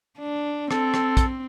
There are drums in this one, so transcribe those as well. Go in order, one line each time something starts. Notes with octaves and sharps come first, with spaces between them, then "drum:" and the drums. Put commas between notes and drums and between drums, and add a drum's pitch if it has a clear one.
D4
C4 A4, drum: rim click
drum: rim click
drum: kick, hi-hat